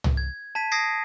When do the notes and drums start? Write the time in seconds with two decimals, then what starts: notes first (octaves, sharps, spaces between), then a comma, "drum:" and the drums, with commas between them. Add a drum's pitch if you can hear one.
0.04 drum: tom C2
0.17 G#6
0.55 A5 G#6 B6 D#7
0.71 D#6 G#6 A#6 C7 D7